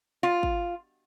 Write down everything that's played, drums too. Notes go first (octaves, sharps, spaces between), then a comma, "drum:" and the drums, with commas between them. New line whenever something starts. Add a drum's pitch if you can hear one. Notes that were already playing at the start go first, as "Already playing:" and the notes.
F4
drum: kick